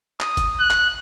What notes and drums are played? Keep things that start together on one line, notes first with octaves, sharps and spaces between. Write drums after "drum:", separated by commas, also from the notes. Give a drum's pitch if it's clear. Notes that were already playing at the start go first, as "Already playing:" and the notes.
D#6, drum: clap
drum: kick G1, hi-hat
F#6
drum: clap